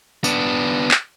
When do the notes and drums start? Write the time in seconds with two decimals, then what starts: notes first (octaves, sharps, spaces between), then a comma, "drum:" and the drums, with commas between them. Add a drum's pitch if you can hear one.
0.24 B3 D4, drum: tambourine
0.91 drum: clap